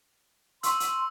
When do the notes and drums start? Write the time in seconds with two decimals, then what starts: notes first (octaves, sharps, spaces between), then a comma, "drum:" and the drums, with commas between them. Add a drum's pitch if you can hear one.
0.63 C6 C#6 E6, drum: hi-hat
0.80 drum: hi-hat